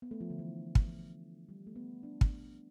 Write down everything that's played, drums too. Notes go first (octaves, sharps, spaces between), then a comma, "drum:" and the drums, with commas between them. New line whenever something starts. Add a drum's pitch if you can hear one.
B3
A3
F3
D3
E3
drum: kick
G3
A3
B3
D4
drum: kick